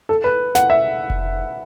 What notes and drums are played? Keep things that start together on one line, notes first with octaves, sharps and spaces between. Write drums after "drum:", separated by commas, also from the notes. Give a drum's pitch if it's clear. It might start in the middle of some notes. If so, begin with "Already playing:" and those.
A4
B4
F#5, drum: snare
E5
drum: kick F1